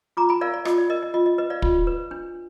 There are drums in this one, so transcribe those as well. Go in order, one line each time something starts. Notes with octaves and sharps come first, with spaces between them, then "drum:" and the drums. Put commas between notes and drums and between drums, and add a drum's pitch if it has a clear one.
F4 A#5 D6
G#5 B5
A#4 D5 F5
D5
F4 D#5, drum: rim click
D5
A#4 D#5
D#5
F4 D#5
D#5
B4 D#5
D5 F5
F4, drum: kick
B4
D4